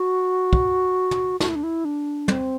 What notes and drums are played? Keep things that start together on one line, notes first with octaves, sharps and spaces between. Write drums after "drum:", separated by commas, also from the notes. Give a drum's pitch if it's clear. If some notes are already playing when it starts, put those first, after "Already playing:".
Already playing: F#4
drum: kick
drum: tom
F#4, drum: snare
E4
D4
E4
D4
C4, drum: tom